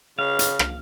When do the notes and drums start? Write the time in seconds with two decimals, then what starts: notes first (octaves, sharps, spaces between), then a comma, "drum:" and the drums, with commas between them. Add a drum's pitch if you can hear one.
0.19 C#3 F5
0.39 drum: hi-hat
0.59 drum: rim click